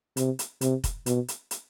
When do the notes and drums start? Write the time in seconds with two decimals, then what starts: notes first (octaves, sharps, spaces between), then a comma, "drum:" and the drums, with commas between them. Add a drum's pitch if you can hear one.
0.17 C3, drum: hi-hat
0.39 drum: hi-hat
0.61 C3, drum: hi-hat
0.84 drum: kick F1, hi-hat
1.06 B2, drum: hi-hat
1.28 drum: hi-hat
1.51 drum: hi-hat